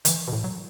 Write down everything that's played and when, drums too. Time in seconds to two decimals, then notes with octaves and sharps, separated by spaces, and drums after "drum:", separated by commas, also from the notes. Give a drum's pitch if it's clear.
0.05 D#3, drum: hi-hat
0.08 E3
0.28 B2
0.33 A2
0.44 F#3